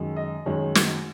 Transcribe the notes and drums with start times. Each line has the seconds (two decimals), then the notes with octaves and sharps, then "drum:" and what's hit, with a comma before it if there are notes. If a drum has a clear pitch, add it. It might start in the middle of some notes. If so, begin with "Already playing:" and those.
Already playing: F#2 D#3 G#3
0.16 D#5
0.46 F#2 D#3 G#3 C#5
0.75 F#4, drum: snare